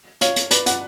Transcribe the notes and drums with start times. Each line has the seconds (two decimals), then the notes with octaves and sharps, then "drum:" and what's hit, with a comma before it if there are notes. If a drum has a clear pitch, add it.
0.21 C#5 F5, drum: hi-hat
0.36 drum: hi-hat
0.51 B4 D5, drum: hi-hat
0.66 D5 F#5, drum: hi-hat